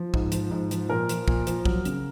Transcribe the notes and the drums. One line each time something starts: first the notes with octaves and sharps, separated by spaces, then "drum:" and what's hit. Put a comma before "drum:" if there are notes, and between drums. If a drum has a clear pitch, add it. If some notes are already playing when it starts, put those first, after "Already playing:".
Already playing: F3
G#2, drum: kick
F3, drum: hi-hat
G#2
F3, drum: hi-hat
A#2 A#4
F3, drum: hi-hat
A#2, drum: kick
F3, drum: hi-hat
F#3, drum: kick
C#3, drum: hi-hat